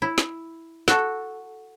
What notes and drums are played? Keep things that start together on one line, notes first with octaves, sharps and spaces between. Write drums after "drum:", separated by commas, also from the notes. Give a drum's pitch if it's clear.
E4
drum: snare
F#4 A4, drum: snare